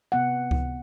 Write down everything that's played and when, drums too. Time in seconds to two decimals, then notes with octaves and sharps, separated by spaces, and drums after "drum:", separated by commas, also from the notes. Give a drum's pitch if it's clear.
0.12 C3 B3 F#5
0.51 drum: kick C#2